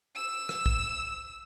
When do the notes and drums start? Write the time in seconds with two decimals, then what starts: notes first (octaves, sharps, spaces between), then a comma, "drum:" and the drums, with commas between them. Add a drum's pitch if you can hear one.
0.16 E6 E7
0.49 drum: rim click
0.66 drum: kick